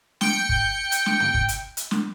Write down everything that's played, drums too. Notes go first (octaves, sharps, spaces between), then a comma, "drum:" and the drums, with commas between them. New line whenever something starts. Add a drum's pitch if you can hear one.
G5 C#7, drum: snare
drum: kick
drum: hi-hat
drum: snare
drum: tom
drum: kick
drum: hi-hat
drum: hi-hat
drum: snare